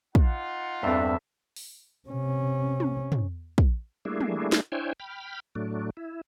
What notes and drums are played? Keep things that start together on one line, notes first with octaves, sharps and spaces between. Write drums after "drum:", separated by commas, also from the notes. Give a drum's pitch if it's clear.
D#4 F4 F#5, drum: kick
E2 G2 C4 D4 A4 E5
drum: open hi-hat
C3 C#4
drum: tom
drum: tom
drum: kick
G3 A3 A#3 D4 E4 G#4
drum: tom
drum: snare
D4 E4 C5 C#5 G5 G#5
G5 B5 F6
A2 F#3 A3 D4
E4